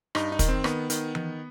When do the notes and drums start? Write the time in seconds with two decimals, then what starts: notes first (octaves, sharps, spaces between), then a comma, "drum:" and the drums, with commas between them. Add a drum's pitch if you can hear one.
0.15 G2 D#4, drum: rim click
0.32 D#4
0.39 D#3, drum: kick, hi-hat
0.48 C4
0.64 D#3 B3, drum: rim click
0.90 D#3, drum: hi-hat
1.15 D#3, drum: tom E3